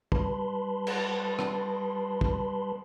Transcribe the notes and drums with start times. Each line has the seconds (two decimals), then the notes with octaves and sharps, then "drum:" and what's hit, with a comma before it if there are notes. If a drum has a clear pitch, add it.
0.12 G3 B4 A5 B5 C6, drum: kick
0.87 drum: cymbal
1.39 drum: rim click
2.21 drum: kick